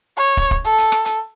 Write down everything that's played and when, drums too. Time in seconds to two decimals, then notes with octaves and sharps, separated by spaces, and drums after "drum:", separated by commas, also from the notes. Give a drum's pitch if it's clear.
0.17 C#5
0.37 drum: kick
0.51 drum: kick
0.65 A4
0.78 drum: hi-hat
0.92 drum: rim click
1.06 drum: hi-hat